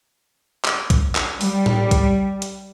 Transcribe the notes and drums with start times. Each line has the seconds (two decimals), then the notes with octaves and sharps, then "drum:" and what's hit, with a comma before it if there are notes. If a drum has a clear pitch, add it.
0.65 drum: clap
0.90 drum: kick, hi-hat
1.15 drum: clap
1.41 G3, drum: open hi-hat
1.66 drum: tom A2
1.91 drum: kick, hi-hat
2.42 drum: hi-hat